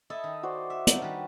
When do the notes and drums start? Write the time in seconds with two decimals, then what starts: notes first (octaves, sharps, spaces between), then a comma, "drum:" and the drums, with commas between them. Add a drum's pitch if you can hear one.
0.10 E4 A4 D#5 E5
0.24 D#3
0.43 F#4 C5 D5
0.70 E5
0.87 D4 D#4, drum: hi-hat
1.02 D#3 G3 B4